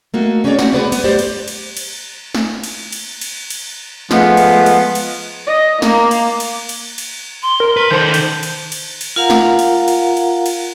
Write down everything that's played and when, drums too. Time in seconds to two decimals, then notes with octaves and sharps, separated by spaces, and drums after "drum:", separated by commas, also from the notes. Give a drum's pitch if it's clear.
0.14 A3 A#3 D#4 F#4
0.44 C4 C#4 D#4 G#4 C#5 D5
0.59 C4 F#4 F#5, drum: snare
0.73 G#3 B3 G#4 B4 C5 D5
0.92 B3, drum: cymbal
1.04 F#2 A3 G4 C5 D5
1.19 drum: cymbal
1.48 drum: cymbal
1.77 drum: cymbal
2.35 drum: snare
2.64 drum: cymbal
2.92 drum: cymbal
3.21 drum: cymbal
3.50 drum: cymbal
4.11 F3 G#3 A3 B3, drum: snare
4.37 drum: cymbal
4.66 drum: cymbal
4.95 drum: cymbal
5.47 D#5
5.82 A#3, drum: snare
6.11 drum: cymbal
6.40 drum: cymbal
6.69 drum: cymbal
6.98 drum: cymbal
7.42 C6
7.60 A#4
7.77 B4
7.91 D#3 A4 C5 G6
8.14 drum: cymbal
8.43 drum: cymbal
8.72 drum: cymbal
9.01 drum: cymbal
9.16 F4 A#4 F5 F#5 A#5
9.30 drum: snare
9.59 drum: cymbal
9.88 drum: cymbal
10.17 drum: cymbal
10.46 drum: cymbal